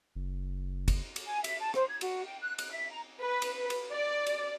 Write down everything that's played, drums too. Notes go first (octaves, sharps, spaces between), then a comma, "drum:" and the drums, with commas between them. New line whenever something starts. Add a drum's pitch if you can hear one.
F#1
drum: kick, cymbal
drum: cymbal
G#5
E5, drum: cymbal
A5
C5, drum: rim click
G#6
F#4, drum: cymbal
G5
F#6
F#6, drum: cymbal
E5
A#5
B4
drum: cymbal
drum: cymbal
D5
drum: cymbal